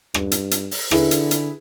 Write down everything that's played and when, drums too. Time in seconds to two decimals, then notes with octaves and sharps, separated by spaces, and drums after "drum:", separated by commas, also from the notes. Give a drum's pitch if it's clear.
0.14 G2, drum: rim click
0.32 drum: hi-hat
0.51 drum: hi-hat
0.71 drum: open hi-hat
0.91 D3 E4 G#4 B4, drum: rim click
1.11 drum: hi-hat
1.31 drum: hi-hat